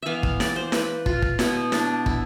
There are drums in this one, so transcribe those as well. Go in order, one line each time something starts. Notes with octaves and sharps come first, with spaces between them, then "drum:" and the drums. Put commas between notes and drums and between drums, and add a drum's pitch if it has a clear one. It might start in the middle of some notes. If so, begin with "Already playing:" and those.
E3 B3 E5 F5
F5, drum: kick
D5, drum: snare E4
C5
B4, drum: snare E4
F4, drum: kick
drum: kick
B2 B3 E4, drum: snare E4
D4, drum: snare E4
E4, drum: kick